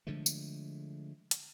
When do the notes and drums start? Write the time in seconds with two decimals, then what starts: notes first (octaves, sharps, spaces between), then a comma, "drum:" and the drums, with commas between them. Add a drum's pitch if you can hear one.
0.07 D3 F3 G#3 A3
0.26 drum: tambourine
1.31 drum: hi-hat